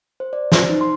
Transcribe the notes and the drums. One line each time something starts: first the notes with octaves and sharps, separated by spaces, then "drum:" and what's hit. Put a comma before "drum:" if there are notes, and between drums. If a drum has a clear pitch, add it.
C5
D5
C5, drum: snare
D#4
C6